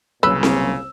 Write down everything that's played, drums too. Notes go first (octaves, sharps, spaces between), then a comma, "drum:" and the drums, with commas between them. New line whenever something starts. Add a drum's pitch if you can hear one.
C2 A#2 C#3 F#3 A#3 C#4 B4 E6
drum: snare C4